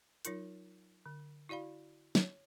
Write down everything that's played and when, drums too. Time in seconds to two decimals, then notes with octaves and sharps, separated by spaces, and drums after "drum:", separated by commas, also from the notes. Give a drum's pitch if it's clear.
0.25 F#3 D#4 F4 A#4, drum: hi-hat
1.06 D3
1.49 E4 F#4 D5 F5 B5
2.15 C#5, drum: snare